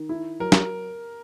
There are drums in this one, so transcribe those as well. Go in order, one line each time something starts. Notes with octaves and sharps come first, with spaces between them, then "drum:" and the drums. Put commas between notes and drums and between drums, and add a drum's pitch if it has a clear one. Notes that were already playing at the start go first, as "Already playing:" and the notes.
Already playing: D#3
E4
F#3 A#4
drum: snare